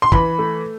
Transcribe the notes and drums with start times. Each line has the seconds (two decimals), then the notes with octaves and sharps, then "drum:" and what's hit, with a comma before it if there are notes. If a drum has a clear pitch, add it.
0.02 C6
0.12 E3 B5, drum: kick
0.39 A3